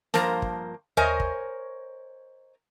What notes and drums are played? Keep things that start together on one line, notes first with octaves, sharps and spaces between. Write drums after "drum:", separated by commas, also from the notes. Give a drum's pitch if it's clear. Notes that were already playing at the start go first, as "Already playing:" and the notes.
G2 F3 A#3 A#4 C5 A5, drum: snare
drum: kick
A#4 C5 C#5 D#5 G#5, drum: tom D#2
drum: kick